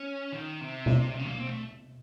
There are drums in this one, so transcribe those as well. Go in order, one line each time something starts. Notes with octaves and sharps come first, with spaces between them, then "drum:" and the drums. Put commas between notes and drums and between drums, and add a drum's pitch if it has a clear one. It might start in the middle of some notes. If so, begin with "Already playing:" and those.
Already playing: C#4
D#3
C3
drum: tom B2
C#3
A#3
C4
A3